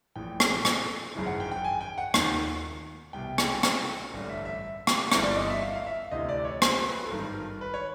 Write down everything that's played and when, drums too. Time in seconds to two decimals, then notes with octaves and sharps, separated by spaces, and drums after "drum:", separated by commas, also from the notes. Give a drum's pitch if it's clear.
0.16 A#1 A2 E3 G5
0.40 drum: rim click
0.65 drum: rim click
1.14 G#1 F#2 C#3 E3
1.26 F#5
1.40 G5
1.52 G5
1.64 G#5
1.81 G5
1.98 F#5
2.14 D#2 D#3, drum: rim click
3.13 C2 B2 G5
3.38 drum: rim click
3.53 G#5
3.63 G5, drum: rim click
4.13 A1 G2 D3
4.29 E5
4.45 E5
4.87 drum: rim click
5.12 G1 G2 E3, drum: rim click
5.22 D5
5.36 D#5
5.49 E5
5.62 F5
5.76 F5
5.86 E5
6.11 D2 C3 E3 D#5
6.29 D5
6.45 C#5
6.62 C5, drum: rim click
6.86 B4
7.04 A4
7.11 G#1 G2 D#3 A#4
7.61 B4
7.74 C#5